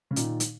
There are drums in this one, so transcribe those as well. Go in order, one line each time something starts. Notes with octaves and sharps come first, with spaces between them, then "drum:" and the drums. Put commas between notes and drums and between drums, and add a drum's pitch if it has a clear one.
C#3
A#2 D#3, drum: hi-hat
drum: hi-hat